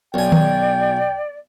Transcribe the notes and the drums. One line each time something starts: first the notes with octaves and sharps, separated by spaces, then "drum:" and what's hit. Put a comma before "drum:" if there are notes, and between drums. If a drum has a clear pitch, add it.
B1 D5 G5 G#5
drum: tom D#3